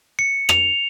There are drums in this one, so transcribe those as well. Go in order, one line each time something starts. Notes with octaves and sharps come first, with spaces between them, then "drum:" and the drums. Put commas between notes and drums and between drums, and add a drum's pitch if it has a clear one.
C#7
F7, drum: rim click